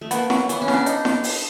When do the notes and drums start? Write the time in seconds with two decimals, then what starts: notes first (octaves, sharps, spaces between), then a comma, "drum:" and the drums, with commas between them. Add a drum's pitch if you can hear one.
0.01 A3
0.11 A#3 B3, drum: hi-hat
0.30 F#3, drum: snare E4
0.49 E3 B3, drum: hi-hat
0.62 C#4
0.68 C#3, drum: snare E4
0.74 D4
0.86 D#4, drum: hi-hat
1.05 drum: snare E4
1.24 drum: open hi-hat